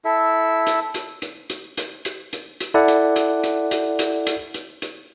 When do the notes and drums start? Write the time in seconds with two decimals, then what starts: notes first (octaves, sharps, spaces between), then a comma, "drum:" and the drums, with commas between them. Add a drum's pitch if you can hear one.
0.05 E4 A4 E5
0.67 drum: hi-hat
0.94 drum: hi-hat
1.22 drum: hi-hat
1.50 drum: hi-hat
1.77 drum: hi-hat
2.05 drum: hi-hat
2.33 drum: hi-hat
2.61 drum: hi-hat
2.74 E4 A4 D5 F#5
2.88 drum: hi-hat
3.16 drum: hi-hat
3.44 drum: hi-hat
3.71 drum: hi-hat
3.99 drum: hi-hat
4.27 drum: hi-hat
4.54 drum: hi-hat
4.82 drum: hi-hat